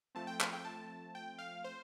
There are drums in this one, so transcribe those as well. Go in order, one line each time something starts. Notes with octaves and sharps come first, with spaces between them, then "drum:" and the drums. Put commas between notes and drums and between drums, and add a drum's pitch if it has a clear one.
F3 A3 C4 A5
G5
F5, drum: clap
G5
A5
G5
F5
C5